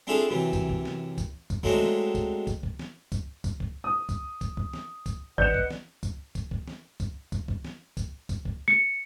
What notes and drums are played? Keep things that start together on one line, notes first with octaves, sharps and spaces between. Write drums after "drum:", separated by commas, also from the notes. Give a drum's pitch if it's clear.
C4 D4 E4 F4 G#4 A4
F#2 C3 E3
drum: kick, tambourine
drum: kick
drum: snare
drum: kick, tambourine
drum: kick, tambourine
F#3 G#3 A3 C4 D4 D#4, drum: kick
drum: snare
drum: kick, tambourine
drum: kick, tambourine
drum: kick
drum: snare
drum: kick, tambourine
drum: kick, tambourine
drum: kick
D#6
drum: kick, tambourine
drum: kick, tambourine
drum: kick
drum: snare
drum: kick, tambourine
A1 B4 D5 D#5 F#5 G6 E7, drum: kick
drum: kick
drum: snare
drum: kick, tambourine
drum: kick, tambourine
drum: kick
drum: snare
drum: kick, tambourine
drum: kick, tambourine
drum: kick
drum: snare
drum: kick, tambourine
drum: kick, tambourine
drum: kick
C#7